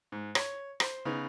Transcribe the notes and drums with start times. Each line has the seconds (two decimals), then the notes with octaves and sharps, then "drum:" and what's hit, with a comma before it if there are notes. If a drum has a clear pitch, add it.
0.12 G#2
0.35 C#5, drum: rim click
0.80 C5, drum: rim click
1.05 C#3 B3 D#4